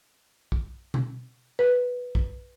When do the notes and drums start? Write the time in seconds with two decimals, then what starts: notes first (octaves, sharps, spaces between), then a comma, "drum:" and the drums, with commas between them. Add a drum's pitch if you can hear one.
0.52 drum: kick
0.94 drum: tom B2
1.59 B4
2.15 drum: kick